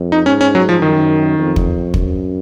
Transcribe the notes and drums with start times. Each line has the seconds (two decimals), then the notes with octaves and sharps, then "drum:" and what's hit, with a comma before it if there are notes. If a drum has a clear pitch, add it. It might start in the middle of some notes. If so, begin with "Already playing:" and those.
Already playing: F2
0.12 D#4
0.26 G#2 C#4
0.41 C#4
0.55 F#3
0.69 F3
0.82 F#2 D#3
1.38 F2
1.56 drum: kick
1.94 F#2, drum: kick